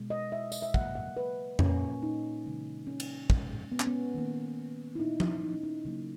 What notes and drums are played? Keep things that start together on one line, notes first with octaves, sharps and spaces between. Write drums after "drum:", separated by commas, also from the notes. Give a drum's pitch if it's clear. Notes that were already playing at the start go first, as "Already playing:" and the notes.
Already playing: B2 G#3
D#5
E5
D#5, drum: tambourine
E5
C#3 F#3 A#3 F#5, drum: kick
F#5
B4
A#2 A#3 C#4, drum: tom F2
D#4
C#3 E3 G#3
C#4
drum: cymbal
A#2 G#3, drum: kick
B3
C#4, drum: clap
B3
D#3 A#3
E4
A#2 A#3 D#4
drum: tom F3
D#4
C#4
D#4
C#3 F#3 A#3